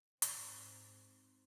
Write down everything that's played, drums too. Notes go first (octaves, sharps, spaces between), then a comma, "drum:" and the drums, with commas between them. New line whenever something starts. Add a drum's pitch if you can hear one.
G#2 C4, drum: hi-hat